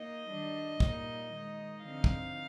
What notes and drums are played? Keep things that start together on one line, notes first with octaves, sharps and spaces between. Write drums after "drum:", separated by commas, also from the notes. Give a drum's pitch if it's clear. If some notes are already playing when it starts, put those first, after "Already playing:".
Already playing: A#3 D#4 D#5
D#3 G3 D4
A#2 G3 A#3 D#4, drum: kick
D#3 G#3 D#4
D3 F3 C4 D#4 F5
drum: kick